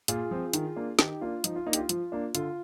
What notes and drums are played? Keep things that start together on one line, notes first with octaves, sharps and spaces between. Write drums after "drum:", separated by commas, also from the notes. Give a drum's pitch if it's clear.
A#2 F4 G#4, drum: hi-hat
F3 C4
D#3, drum: hi-hat
A#3 D4
D#3 D#4 G4, drum: snare
A#3 D4 F4
F3 D#4, drum: hi-hat
F4
A#3 D4 D#4
G4, drum: hi-hat
F4
F3 F4, drum: hi-hat
A#3 D4
D3 F4, drum: hi-hat